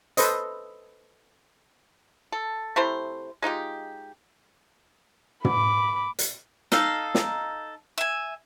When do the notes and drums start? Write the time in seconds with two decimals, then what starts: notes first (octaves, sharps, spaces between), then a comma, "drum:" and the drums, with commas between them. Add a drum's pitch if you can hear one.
0.17 A4 B4 C5 D#5, drum: hi-hat
2.32 A4
2.76 C3 A3 E4 C5
3.42 G#3 D#4 F4 G4
5.45 B5 D6, drum: tom
6.19 drum: hi-hat
6.72 D#4 A4 F5, drum: snare
7.15 drum: snare
7.98 E5 G#5